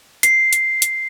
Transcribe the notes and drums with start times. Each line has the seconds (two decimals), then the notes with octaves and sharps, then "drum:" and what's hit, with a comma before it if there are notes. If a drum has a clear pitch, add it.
0.23 C7, drum: hi-hat
0.53 drum: hi-hat
0.82 drum: hi-hat